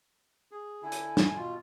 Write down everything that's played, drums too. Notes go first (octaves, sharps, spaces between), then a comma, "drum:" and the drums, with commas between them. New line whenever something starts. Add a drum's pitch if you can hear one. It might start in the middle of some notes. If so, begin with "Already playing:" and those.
G#4
D3 E4 G#5
drum: hi-hat
drum: snare
B2 F4